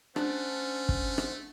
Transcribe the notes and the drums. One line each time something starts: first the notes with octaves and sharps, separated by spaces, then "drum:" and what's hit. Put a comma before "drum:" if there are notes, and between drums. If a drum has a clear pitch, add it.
A3 C#4 D4 C5 F#5 F#6, drum: rim click
drum: kick
drum: rim click